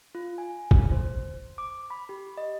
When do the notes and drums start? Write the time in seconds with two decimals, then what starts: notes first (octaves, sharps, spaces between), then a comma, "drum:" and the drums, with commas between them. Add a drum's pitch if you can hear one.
0.15 F4
0.38 G#5
0.71 drum: kick
0.91 C5
1.58 D6
1.90 B5
2.09 G4
2.37 D#5